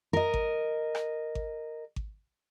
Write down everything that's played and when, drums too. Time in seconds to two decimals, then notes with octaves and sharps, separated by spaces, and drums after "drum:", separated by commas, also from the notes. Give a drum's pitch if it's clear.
0.13 A#4 D#5
0.34 drum: kick G#1
0.95 drum: rim click
1.35 drum: kick G#1
1.96 drum: kick G#1